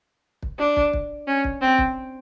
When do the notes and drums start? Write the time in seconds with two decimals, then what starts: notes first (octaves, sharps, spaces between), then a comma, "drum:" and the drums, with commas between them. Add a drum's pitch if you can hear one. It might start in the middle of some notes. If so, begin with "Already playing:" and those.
0.43 drum: kick
0.59 D4
0.76 drum: kick
0.93 drum: kick
1.27 C#4
1.44 drum: kick
1.62 C4
1.78 drum: kick